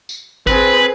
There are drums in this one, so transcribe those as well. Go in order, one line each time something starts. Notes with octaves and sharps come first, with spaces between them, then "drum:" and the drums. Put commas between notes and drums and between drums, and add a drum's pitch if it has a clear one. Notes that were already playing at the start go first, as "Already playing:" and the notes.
drum: tambourine
C4 G#4 B4, drum: kick, tambourine